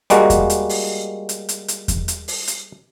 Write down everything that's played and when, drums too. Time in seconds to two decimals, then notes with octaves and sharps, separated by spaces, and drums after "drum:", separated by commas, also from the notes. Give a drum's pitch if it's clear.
0.10 G3 G#3 A#3 F#4, drum: hi-hat
0.30 drum: kick E2, hi-hat
0.50 drum: hi-hat
0.69 drum: open hi-hat
1.29 drum: hi-hat
1.49 drum: hi-hat
1.68 drum: hi-hat
1.88 drum: kick E2, hi-hat
2.08 drum: hi-hat
2.28 drum: open hi-hat
2.48 drum: hi-hat